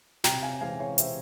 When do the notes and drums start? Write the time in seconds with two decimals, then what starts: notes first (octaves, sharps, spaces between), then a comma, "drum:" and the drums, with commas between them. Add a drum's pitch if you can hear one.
0.24 C3 G5 A#5, drum: snare
0.42 F5 G#5
0.61 E3 G#3 C4 F5 G#5
0.79 C#5 F5
0.98 C3 C5 E5, drum: hi-hat